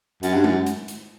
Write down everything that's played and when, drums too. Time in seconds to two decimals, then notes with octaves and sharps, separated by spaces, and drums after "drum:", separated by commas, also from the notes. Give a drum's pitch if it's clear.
0.23 F#2, drum: hi-hat
0.34 G2
0.44 F#2, drum: tom G#3
0.66 drum: hi-hat
0.88 drum: hi-hat